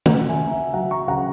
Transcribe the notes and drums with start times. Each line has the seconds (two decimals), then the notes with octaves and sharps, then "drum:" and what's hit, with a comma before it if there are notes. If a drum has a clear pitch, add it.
0.06 C#3 F#5 A#5, drum: tom
0.28 E5 G#5
0.40 C#3
0.51 E5 G#5
0.73 F#3 F#5 A#5
0.91 A#5 C#6
1.08 C#3 F#5 A#5